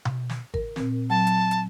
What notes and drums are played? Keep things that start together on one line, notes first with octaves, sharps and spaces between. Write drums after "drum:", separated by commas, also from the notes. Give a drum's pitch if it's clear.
drum: tom B2
drum: snare
A#4, drum: kick G#1
A#2 C4, drum: snare
F#3 A5
drum: hi-hat
drum: hi-hat